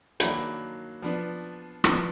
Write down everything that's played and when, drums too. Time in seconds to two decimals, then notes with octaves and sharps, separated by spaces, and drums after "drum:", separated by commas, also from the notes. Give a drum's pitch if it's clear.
0.20 D#3 F#3 A#3 D4 B5, drum: hi-hat
1.02 F3 B3 D4
1.84 F3 B3 D4, drum: rim click